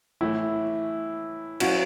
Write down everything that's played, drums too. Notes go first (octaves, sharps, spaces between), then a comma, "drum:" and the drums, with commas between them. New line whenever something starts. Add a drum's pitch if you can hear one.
A2 E3 A3 E4
F#3 C#4 E4 F#4, drum: cymbal